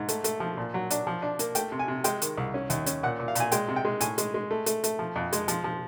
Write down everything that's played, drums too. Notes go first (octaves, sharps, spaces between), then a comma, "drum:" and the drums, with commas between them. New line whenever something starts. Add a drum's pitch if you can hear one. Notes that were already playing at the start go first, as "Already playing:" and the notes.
Already playing: G#2
A3, drum: hi-hat
A3, drum: hi-hat
F3
A#2
F#3
D4, drum: hi-hat
F3
D4
A#3, drum: hi-hat
A3 G5, drum: hi-hat
C3
G#5
C3
G#3 G5, drum: hi-hat
D#3, drum: hi-hat
C2
C#4
D#2, drum: hi-hat
C#4, drum: hi-hat
A#2 F#5
A#2
F5
A#2 G#5, drum: hi-hat
G#3 G5, drum: hi-hat
C3
G5
G#3
A2 G#5, drum: hi-hat
G#3, drum: hi-hat
G#3
A3
A3, drum: hi-hat
A3, drum: hi-hat
F3
F2
G#3, drum: hi-hat
F3, drum: hi-hat
F3